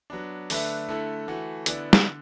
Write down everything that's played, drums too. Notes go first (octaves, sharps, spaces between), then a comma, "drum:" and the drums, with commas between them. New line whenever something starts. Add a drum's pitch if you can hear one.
F#3 B3 D4
D3 A3 D4 B4 E5, drum: open hi-hat
D3 A3 E4 A4
E3 A3 F#4
D3 B3 E4 D5, drum: hi-hat
drum: snare
D3